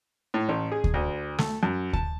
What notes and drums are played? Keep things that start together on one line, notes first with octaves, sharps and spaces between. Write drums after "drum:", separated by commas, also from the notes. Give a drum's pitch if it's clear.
A2
A1
G#4
drum: kick D2
D2
A3, drum: snare
F#2
A5, drum: kick D2